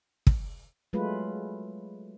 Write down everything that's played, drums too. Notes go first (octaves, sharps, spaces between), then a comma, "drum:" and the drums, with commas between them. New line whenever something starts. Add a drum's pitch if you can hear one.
drum: kick
F#3 G#3 A3 F4 B4